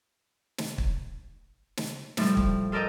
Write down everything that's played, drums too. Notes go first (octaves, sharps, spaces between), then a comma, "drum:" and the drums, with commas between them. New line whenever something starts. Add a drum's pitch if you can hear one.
drum: snare
drum: kick
drum: snare
A2 F3 G3, drum: snare
drum: kick
F4 A4 A#4 D5 D#5 G5